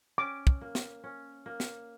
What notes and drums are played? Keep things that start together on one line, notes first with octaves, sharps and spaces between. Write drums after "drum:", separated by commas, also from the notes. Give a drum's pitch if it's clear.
C#4 D6
drum: kick
A#3
drum: snare
C#4
A#3
drum: snare